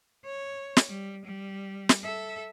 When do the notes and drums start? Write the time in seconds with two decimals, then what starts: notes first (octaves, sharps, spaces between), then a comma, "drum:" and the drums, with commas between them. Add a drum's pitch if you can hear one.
0.25 C#5
0.77 drum: snare
0.89 G3
1.25 G3
1.89 drum: snare
2.03 A4 E5